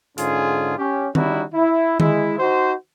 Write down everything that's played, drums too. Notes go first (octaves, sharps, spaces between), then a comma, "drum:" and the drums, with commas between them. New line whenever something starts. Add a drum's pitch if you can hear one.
G#2 D3 C#4 F4 G#4, drum: hi-hat
C#4 G4
G3 C#4 D#4 E4 F#4, drum: tom D#3
E4
G#3 E4, drum: tom D#3
D#4 F#4 C5